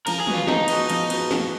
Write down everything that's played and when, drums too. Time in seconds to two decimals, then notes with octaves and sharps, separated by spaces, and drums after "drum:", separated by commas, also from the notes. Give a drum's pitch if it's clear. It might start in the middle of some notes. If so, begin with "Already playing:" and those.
0.07 F3 A#4, drum: cymbal
0.20 G#4
0.27 B3 F#4, drum: tom
0.34 F4
0.47 F3 D#4, drum: snare
0.68 B3 F#4, drum: cymbal
0.90 F3, drum: cymbal
1.10 B3 F#4, drum: cymbal
1.31 F3, drum: snare